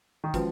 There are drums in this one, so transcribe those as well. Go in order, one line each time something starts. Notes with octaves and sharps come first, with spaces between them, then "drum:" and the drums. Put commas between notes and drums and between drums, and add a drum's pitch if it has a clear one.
D#3
F3 G#3 C#4 F#4 B4, drum: kick, hi-hat